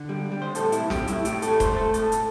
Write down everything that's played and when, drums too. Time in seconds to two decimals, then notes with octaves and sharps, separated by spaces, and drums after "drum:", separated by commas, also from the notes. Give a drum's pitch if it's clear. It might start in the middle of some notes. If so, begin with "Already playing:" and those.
Already playing: D3
0.09 G3
0.32 G3
0.42 C5
0.55 A2 A4, drum: hi-hat
0.72 E4, drum: hi-hat
0.78 A2
0.90 G4, drum: snare
1.02 A2
1.07 E4, drum: hi-hat
1.25 A2 G4, drum: hi-hat
1.42 A4, drum: hi-hat
1.48 A3
1.60 C5, drum: kick E1, hi-hat
1.72 A3 A4
1.94 A2 A4, drum: hi-hat
2.12 drum: hi-hat